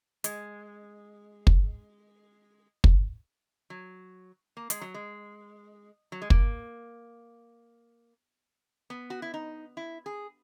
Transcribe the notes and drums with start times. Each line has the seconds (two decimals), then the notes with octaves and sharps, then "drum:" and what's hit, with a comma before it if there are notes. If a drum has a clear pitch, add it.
0.24 G#3, drum: hi-hat
1.47 drum: kick
2.84 drum: kick
3.70 F#3
4.57 A#3
4.70 G#3, drum: hi-hat
4.81 F#3
4.94 G#3
6.12 F#3
6.22 G#3
6.30 A#3, drum: kick
8.90 B3
9.10 F#4
9.22 E4
9.34 D#4
9.77 E4
10.06 G#4